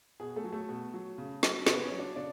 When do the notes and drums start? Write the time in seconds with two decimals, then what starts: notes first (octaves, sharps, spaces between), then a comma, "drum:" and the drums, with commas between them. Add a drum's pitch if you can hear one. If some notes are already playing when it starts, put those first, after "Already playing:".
0.20 B2 G#4
0.36 A3 A4
0.44 F#3
0.53 A3 A4
0.69 B2
0.94 F#3
1.18 C#3
1.43 F#3, drum: snare
1.66 C#3 B3 B4, drum: snare
1.83 C#4 C#5
1.92 F#3
1.99 D4 D5
2.16 C#3 D4 D5